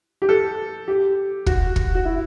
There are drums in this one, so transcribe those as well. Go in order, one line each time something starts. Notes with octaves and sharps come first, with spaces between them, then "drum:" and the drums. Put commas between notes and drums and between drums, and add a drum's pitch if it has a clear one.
G4
A4
G4
F#4, drum: kick
drum: kick
F#4
E4